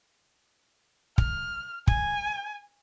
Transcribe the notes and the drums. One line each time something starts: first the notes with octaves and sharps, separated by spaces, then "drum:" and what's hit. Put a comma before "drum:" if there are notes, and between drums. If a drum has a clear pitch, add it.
F6, drum: kick
G#5, drum: kick